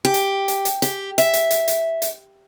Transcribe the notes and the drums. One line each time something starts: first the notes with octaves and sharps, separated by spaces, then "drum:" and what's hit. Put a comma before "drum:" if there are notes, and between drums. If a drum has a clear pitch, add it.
G4
drum: hi-hat
drum: hi-hat
drum: hi-hat
G4, drum: hi-hat
E5, drum: hi-hat
drum: hi-hat
drum: hi-hat
drum: hi-hat
drum: hi-hat